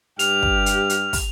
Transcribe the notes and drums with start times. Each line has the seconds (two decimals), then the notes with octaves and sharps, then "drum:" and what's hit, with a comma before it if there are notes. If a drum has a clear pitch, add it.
0.19 G2 G4 F6 F7, drum: hi-hat
0.43 drum: kick
0.66 drum: hi-hat
0.90 drum: hi-hat
1.13 drum: kick, open hi-hat